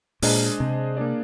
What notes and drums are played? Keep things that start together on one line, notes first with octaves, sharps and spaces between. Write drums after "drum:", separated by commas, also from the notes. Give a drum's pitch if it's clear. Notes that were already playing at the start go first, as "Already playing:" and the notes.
A#2 G#3 D4 G#4 C5 D#5, drum: open hi-hat
C3
A#3 D4 G#4 D5